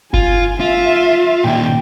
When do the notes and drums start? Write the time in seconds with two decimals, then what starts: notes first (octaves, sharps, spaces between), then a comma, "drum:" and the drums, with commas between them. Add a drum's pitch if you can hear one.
0.14 F4 G#5, drum: kick F#1
0.60 F4 E5
1.44 A#2 D#3 G5